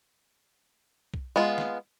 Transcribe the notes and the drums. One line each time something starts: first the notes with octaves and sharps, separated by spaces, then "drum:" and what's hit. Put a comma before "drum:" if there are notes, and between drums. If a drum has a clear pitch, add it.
drum: kick B1
G#3 B3 F4
drum: snare